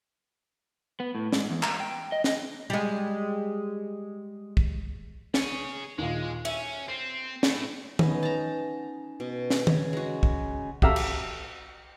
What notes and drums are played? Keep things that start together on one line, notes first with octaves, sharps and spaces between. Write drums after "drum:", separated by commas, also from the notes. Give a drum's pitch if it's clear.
B3
A2
G#2, drum: snare
E2
A#5, drum: clap
G5
D#5
D#5, drum: snare
G3 G#3
drum: kick
G#4 C#5, drum: snare
D#2 A#2 G#3
C#4 E5 D#7, drum: cymbal
C4 C7
A3 E4, drum: snare
B3 C#4 D#4, drum: tom D#3
A5 A#5
B2
drum: snare
C#3, drum: tom D#3
G#3 F#4
drum: kick
F#4 G4 A4 E5 F5 A#5, drum: kick
drum: cymbal